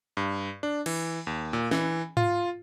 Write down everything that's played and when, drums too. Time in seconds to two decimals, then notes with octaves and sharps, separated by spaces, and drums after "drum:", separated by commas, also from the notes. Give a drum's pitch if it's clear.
0.17 G2
0.63 D4
0.86 E3, drum: cymbal
1.27 D#2
1.53 A#2
1.71 E3, drum: snare
2.17 F4, drum: tom G#2